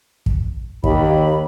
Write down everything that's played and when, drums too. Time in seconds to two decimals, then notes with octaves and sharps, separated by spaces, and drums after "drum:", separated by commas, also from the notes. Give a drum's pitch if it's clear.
0.26 drum: kick
0.84 D#2 B5, drum: kick